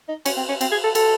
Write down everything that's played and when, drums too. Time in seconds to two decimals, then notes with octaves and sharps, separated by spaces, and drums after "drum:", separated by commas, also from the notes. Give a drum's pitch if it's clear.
0.08 D#4
0.26 C#4, drum: cymbal
0.37 C4
0.49 C#4
0.61 C4, drum: cymbal
0.72 G#4
0.84 A4
0.95 A4, drum: cymbal